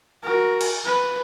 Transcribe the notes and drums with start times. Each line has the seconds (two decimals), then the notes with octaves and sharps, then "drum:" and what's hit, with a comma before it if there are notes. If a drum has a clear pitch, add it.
0.24 F#4 A#4
0.61 drum: cymbal
0.85 B4